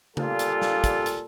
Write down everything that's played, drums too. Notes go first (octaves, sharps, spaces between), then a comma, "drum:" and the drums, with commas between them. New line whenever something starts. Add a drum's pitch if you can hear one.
A#2 G3 F4 A4, drum: tom C#3
drum: hi-hat
drum: snare
drum: kick, hi-hat
drum: hi-hat